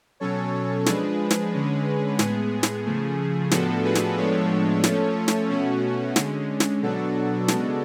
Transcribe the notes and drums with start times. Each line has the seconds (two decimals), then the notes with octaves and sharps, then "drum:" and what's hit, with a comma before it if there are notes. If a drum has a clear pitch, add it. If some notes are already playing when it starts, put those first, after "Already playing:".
0.20 B2 F#3 C#4 A4 C#5
0.86 F3 G#3 D4 G#4 B4, drum: snare
1.31 drum: snare
1.53 D3 G#3 C#4
2.19 A2 G#3 B3 G#4, drum: snare
2.63 drum: snare
2.85 C#3 F3 A3
3.51 A2 F3 B3 D4 F#4 A4, drum: snare
3.84 G#4 B4
3.95 drum: snare
4.17 A2 F3 G#3 B3 D4 A4 C#5
4.84 F3 A3 C#4, drum: snare
5.28 drum: snare
5.50 B2 A3 C#4 F#4
6.16 D3 G#3 C#4, drum: snare
6.60 drum: snare
6.82 B2 F#3 B3 D4 F#4 A4
7.48 C#3 G#3 B3 D4, drum: snare